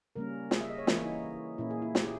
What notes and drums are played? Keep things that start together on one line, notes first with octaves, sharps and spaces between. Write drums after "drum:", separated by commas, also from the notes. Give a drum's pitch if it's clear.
C#3 G3 A#3 C#4 A#4
G#4, drum: snare
E5
D#5
C#5
E3 A#3 C#4 E4, drum: snare
D#4
A#2 A#3 C#4 E4
G#4
E4
G4, drum: snare
G#4